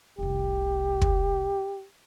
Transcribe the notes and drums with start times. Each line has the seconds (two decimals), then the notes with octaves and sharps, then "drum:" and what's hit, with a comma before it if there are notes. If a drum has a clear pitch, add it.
0.18 F1 C2 G4
1.02 drum: kick